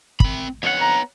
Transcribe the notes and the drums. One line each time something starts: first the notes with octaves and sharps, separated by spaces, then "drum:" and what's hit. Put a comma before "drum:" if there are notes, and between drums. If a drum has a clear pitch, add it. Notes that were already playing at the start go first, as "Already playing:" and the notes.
C4 B5, drum: kick
F2 D3 B3 C#5 F#5
A#5